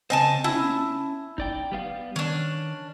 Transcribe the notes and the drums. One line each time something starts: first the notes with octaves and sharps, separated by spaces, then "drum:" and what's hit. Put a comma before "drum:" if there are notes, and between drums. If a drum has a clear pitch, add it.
C#3 C4 C5 D#5 G#5 A5
C#4 E4 A5, drum: tom
D#4 D5 G5, drum: kick F#1
G3 B3 F5
D#3 C#4 D4